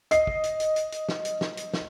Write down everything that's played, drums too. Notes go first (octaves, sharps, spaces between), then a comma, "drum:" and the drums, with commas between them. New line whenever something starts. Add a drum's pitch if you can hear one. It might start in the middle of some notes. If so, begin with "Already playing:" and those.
D#5 C7, drum: hi-hat
drum: kick
drum: hi-hat
drum: hi-hat
drum: hi-hat
drum: hi-hat
drum: snare
drum: hi-hat
drum: snare
drum: hi-hat
drum: snare